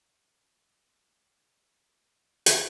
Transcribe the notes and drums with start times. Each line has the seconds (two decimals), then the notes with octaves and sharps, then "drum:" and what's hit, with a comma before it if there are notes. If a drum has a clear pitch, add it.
0.68 D2 F#3 D#4 E4
2.46 drum: hi-hat